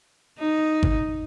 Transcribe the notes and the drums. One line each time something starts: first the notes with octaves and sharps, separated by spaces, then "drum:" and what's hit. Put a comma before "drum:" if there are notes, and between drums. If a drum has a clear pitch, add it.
D#4
drum: kick G#1